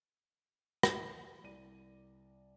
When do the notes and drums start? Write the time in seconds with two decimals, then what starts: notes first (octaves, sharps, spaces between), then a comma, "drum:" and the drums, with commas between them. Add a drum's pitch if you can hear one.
0.83 drum: rim click
1.43 C2 D5 D#7